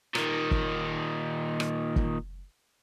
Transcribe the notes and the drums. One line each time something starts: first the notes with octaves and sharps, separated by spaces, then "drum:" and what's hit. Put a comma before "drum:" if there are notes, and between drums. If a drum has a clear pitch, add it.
A#2 D#3, drum: rim click
drum: kick
drum: rim click
drum: kick